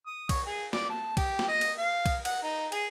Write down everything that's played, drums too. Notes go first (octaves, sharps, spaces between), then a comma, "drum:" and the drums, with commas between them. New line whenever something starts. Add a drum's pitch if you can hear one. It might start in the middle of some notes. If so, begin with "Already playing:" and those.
D#6
C#5, drum: kick, cymbal
G#4
D5, drum: snare
A5
G4, drum: kick, cymbal
drum: snare
D#5
drum: cymbal
F5
drum: kick, cymbal
F#5, drum: cymbal
D#4
G#4, drum: cymbal